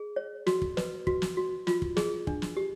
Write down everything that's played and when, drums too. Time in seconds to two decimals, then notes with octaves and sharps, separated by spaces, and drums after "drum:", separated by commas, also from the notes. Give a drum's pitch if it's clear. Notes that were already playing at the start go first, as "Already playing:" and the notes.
Already playing: G#4
0.16 C#5
0.47 F#4, drum: snare
0.62 drum: kick
0.77 B4, drum: snare
1.07 F#4, drum: kick
1.22 drum: snare
1.37 F#4
1.67 F4, drum: snare
1.82 drum: kick
1.97 G#4, drum: snare
2.27 D4, drum: kick
2.42 drum: snare
2.57 G4